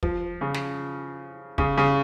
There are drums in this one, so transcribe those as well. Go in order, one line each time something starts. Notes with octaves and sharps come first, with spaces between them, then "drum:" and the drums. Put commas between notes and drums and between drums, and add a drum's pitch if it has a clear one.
F3, drum: kick
C#3
drum: snare
C#3, drum: kick
C#3